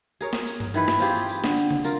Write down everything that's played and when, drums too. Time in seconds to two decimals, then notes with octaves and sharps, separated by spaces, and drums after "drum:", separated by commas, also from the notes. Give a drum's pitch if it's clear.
0.21 G#4 A#4 C#5, drum: tambourine
0.33 drum: snare
0.47 drum: tambourine
0.60 drum: tom G2
0.74 D#3 E3 E4 B4, drum: tambourine
0.88 drum: snare
0.99 C4 F4 G4 G#4, drum: tambourine
1.15 drum: tambourine
1.29 drum: tambourine
1.44 D3, drum: snare
1.57 drum: tambourine
1.71 drum: tom C#3
1.84 F4 A#4, drum: tambourine